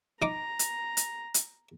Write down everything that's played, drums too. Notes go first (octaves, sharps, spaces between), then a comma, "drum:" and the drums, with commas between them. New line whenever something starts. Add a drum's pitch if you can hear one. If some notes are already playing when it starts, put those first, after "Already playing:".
D#4 A#5 D6
drum: hi-hat
drum: hi-hat
drum: hi-hat